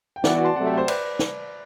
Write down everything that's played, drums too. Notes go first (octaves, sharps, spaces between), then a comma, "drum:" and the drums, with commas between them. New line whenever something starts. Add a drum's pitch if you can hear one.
G5
E3 B3 F#4 D5 F#5, drum: snare
D5 F#5
A5 C6
C3 F#3 A3 F#5 A5
E5 G5
C5 E5
B4 D5, drum: cymbal
drum: snare